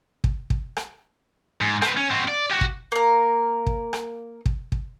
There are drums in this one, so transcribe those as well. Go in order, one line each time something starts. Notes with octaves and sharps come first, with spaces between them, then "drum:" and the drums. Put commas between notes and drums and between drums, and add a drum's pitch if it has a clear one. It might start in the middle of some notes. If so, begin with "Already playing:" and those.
drum: kick
drum: kick
drum: rim click
G#2
C4 B4, drum: rim click
C#4
C4 F#4
D5
F#4 G4
drum: kick
A#3 A#4
drum: kick
drum: rim click
drum: kick
drum: kick